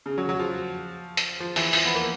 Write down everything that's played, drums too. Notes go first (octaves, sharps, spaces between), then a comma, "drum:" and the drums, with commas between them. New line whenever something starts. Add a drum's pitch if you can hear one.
C#3
F#3
F#3
F3
drum: hi-hat
F3
E3, drum: open hi-hat
F3, drum: open hi-hat
B3
A#3